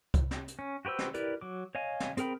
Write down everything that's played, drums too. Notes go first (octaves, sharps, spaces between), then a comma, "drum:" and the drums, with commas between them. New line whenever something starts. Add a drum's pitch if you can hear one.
drum: kick C2, hi-hat
drum: snare
drum: hi-hat
C#4
F#4 G4 B4 C5 E6
drum: snare
E4 G4 A#4 B4 D5, drum: hi-hat
F#3 D6
C#5 D#5 F5 G#5
drum: snare
C4 G#4 A#4 G5 B5, drum: hi-hat